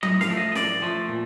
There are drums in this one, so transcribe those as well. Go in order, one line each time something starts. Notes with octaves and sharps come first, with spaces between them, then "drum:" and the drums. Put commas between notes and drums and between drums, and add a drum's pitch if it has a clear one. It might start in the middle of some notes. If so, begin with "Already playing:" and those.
A2 D#5, drum: tom F#3
F5, drum: snare
F3 A3
D#5
D#5
A2 D5, drum: snare
F3 A3
A#2